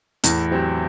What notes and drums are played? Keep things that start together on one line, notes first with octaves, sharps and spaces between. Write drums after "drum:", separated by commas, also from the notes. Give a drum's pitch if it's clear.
E2 A2, drum: hi-hat
F#3 C4 G4 C5